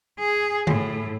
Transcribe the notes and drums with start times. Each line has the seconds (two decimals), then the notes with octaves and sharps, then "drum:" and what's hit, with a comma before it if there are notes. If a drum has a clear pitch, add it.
0.18 G#4
0.67 A2, drum: tom D3